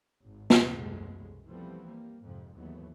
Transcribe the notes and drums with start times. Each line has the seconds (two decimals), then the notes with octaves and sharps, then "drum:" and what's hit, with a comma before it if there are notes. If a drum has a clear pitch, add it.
0.24 G#1
0.50 drum: snare
0.75 C2 F#2 B2 E3 G#3 A3
1.47 E3 F3 G3 A3 B3 C4
1.85 G3 A#3
2.22 F2 G#2 C3 F3
2.56 D#2 G#2 E3 F#3 A3 B3